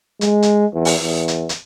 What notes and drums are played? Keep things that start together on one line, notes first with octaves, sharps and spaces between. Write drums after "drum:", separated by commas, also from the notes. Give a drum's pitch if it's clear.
G#3, drum: hi-hat
drum: hi-hat
E2
drum: open hi-hat
E2
drum: hi-hat
drum: hi-hat